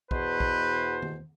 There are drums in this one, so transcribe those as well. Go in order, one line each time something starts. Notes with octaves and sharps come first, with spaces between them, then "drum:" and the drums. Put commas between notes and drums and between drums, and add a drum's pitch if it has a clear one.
E2 B2 B4 C5, drum: kick A#1
drum: kick A#1
drum: tom